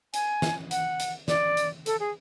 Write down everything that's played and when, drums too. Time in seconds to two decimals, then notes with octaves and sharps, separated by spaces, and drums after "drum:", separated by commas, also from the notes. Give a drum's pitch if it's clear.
0.14 G#5, drum: hi-hat
0.42 drum: snare
0.71 F#5, drum: hi-hat
1.00 drum: hi-hat
1.28 D5, drum: snare
1.57 drum: hi-hat
1.86 A4, drum: hi-hat
2.00 G#4